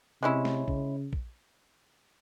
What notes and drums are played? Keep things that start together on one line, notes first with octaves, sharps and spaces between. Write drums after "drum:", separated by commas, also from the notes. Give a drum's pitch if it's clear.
C3 G#3 C#4 E4
drum: snare
C#3, drum: kick
drum: kick